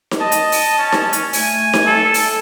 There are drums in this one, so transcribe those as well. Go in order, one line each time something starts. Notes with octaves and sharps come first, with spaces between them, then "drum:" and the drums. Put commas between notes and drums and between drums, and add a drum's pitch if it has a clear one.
drum: snare D#4
D#5 A5
drum: hi-hat
drum: open hi-hat
C#4
drum: snare D#4
drum: hi-hat
A3 G#5, drum: open hi-hat
drum: snare D#4
A4
drum: open hi-hat